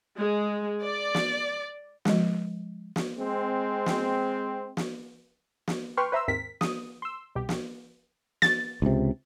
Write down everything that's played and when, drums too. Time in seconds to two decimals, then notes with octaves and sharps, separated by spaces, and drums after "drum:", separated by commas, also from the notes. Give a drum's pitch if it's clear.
0.18 G#3
0.84 D5
1.15 drum: snare
2.05 F3 G#3, drum: snare
2.96 drum: snare
3.18 G#3 C4
3.86 drum: snare
4.77 drum: snare
5.68 drum: snare
5.97 B4 G5 C6 C#6 F6
6.12 B4 C5 E5 A#5 C6 E6
6.28 D#2 G#2 C4 A#4 B6
6.61 D#6, drum: snare
7.02 C6 E6
7.35 C2 B2 G4
7.49 drum: snare
8.42 A6, drum: snare
8.82 C#2 C3